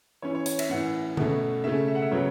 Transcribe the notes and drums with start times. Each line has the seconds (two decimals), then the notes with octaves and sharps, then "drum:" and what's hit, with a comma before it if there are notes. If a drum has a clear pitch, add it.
0.22 E3 C#4 C#5
0.35 C#5
0.46 C#5, drum: hi-hat
0.59 E5, drum: cymbal
0.70 A2 E3 C#4 F#5
1.17 B2 A3 C#4, drum: tom D3
1.64 C#3 A3 C#4 E5
1.88 E5
1.95 F#5
2.02 E5
2.11 C#3 F#3 B3 C#5